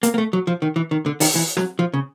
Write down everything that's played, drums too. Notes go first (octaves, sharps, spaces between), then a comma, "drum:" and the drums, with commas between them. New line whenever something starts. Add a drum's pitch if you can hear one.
A#3, drum: hi-hat
A#3
A3
F#3
F3
D#3
E3
D#3
D3
D#3, drum: open hi-hat
E3
F#3, drum: snare
F3
C#3